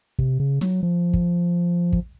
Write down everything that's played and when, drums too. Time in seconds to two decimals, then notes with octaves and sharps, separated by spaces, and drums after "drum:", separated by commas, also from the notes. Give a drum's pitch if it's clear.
0.19 C3, drum: kick
0.40 C#3
0.61 F#3, drum: snare
0.83 F3
1.13 drum: kick
1.93 drum: kick